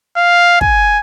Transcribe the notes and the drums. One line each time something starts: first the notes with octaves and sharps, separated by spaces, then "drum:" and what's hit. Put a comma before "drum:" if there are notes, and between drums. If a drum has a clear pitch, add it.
F5
G#5, drum: kick